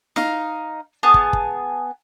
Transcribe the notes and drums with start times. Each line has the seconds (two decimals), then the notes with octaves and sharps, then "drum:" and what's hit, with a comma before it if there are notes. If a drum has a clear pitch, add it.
0.16 D#4 F5, drum: snare
1.03 B3 G#4 A5
1.14 drum: kick
1.33 drum: kick